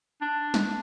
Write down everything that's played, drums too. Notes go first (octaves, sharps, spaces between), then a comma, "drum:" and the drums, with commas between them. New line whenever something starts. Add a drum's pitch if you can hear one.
D4
drum: snare